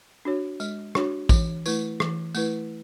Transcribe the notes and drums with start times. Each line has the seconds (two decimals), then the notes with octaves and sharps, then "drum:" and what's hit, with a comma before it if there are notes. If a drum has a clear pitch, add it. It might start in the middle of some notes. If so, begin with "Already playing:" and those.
0.25 D4 F#4 C#5
0.60 G#3, drum: tambourine
0.95 D4 F#4 C#5, drum: rim click
1.29 E3, drum: kick, tambourine
1.66 A3 E4 B4, drum: tambourine
2.00 E3, drum: rim click
2.35 A3 E4 B4, drum: tambourine